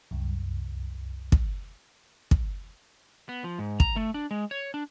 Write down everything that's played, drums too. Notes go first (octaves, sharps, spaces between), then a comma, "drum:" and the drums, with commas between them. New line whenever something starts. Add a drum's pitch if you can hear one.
C2 F#2
drum: kick
drum: kick
B3
F3
G#2
A#5, drum: kick
A3
D4
G#3
C#5
D4